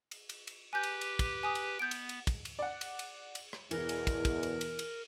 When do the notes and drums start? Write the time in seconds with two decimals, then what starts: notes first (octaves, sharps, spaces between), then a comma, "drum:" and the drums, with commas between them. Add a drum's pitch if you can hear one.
0.11 drum: cymbal
0.29 drum: cymbal
0.47 drum: cymbal
0.73 G4 B4 G#5 G6
0.83 drum: cymbal
1.01 drum: cymbal
1.19 drum: kick, cymbal
1.43 G#5 D#6
1.55 drum: cymbal
1.79 B3 G6 D7
1.91 drum: cymbal
2.09 drum: cymbal
2.27 drum: kick, cymbal
2.45 drum: cymbal
2.59 D5 F#5
2.81 drum: cymbal
2.99 drum: cymbal
3.35 drum: cymbal
3.53 drum: rim click
3.71 E2 B2 E3 A#4, drum: cymbal
3.89 drum: cymbal
4.07 drum: kick, cymbal
4.25 drum: kick, cymbal
4.43 drum: cymbal
4.61 drum: cymbal
4.79 drum: cymbal